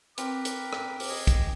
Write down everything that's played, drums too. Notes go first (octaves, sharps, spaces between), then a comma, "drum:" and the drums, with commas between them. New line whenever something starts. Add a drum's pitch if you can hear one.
C4 A#4 B4 G5 D6, drum: hi-hat
drum: hi-hat
drum: rim click
drum: open hi-hat
G#4 D#5
drum: kick, hi-hat